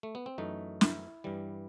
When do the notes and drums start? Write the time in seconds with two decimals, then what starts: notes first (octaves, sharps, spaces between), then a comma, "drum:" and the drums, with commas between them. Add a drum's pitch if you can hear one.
0.03 A3
0.15 B3
0.26 C4
0.38 F#2 E3 A3 D#4
0.81 E4, drum: snare
1.24 G2 E3 G3